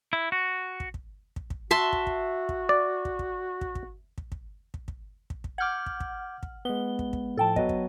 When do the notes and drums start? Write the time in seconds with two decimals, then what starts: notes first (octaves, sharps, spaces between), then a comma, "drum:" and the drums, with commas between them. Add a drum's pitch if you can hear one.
0.13 E4
0.32 F#4
0.80 drum: kick
0.94 drum: kick
1.36 drum: kick
1.50 drum: kick
1.71 F#4 E5 A5 C6
1.93 drum: kick
2.07 drum: kick
2.49 drum: kick
2.69 D5
3.05 drum: kick
3.19 drum: kick
3.61 drum: kick
3.75 drum: kick
4.18 drum: kick
4.32 drum: kick
4.74 drum: kick
4.88 drum: kick
5.30 drum: kick
5.44 drum: kick
5.58 F#5 D6 F6 G6 G#6
5.86 drum: kick
6.00 drum: kick
6.43 drum: kick
6.65 G#3 B3 G7
6.99 drum: kick
7.13 drum: kick
7.37 A2 F3 A4 G5 A5
7.56 F#3 B3 D#5, drum: kick
7.69 drum: kick